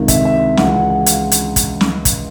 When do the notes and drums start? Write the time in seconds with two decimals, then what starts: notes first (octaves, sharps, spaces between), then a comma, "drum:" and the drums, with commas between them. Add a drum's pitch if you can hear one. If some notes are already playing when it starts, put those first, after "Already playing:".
Already playing: C#2 C3 D#3
0.08 E5, drum: kick, hi-hat
0.25 E5
0.57 C#2 C#3 E3 F#5, drum: snare
0.74 F#5
0.90 F#5
1.06 F5, drum: hi-hat
1.32 drum: hi-hat
1.56 drum: kick, hi-hat
1.81 drum: snare
2.05 drum: kick, hi-hat